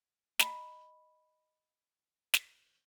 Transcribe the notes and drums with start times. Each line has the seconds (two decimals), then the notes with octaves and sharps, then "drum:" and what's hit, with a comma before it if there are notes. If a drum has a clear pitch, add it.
0.39 D#5 A#5 B5, drum: snare
2.34 drum: snare